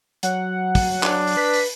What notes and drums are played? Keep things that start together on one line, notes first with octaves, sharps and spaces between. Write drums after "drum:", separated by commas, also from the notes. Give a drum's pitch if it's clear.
F#3 F#5, drum: hi-hat
drum: kick, open hi-hat
D4, drum: clap
drum: open hi-hat
B4 B6
drum: open hi-hat